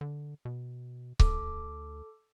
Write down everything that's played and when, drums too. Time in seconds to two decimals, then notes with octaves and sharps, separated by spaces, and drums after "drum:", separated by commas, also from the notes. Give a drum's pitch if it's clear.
0.01 D3
0.45 B2
1.20 D2 A4 D6, drum: kick C#1